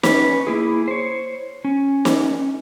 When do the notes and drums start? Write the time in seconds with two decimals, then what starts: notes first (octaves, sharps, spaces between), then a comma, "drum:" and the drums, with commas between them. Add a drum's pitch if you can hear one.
0.03 C#4 B4, drum: snare
0.47 A#3 E4 G#4
0.88 C5 C#5
1.65 C#4
2.05 drum: snare